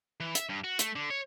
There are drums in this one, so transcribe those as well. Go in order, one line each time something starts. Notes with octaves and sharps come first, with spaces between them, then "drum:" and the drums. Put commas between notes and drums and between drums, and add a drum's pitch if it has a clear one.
E3
E5, drum: hi-hat
G2
F#4
A3, drum: hi-hat
D3
C#5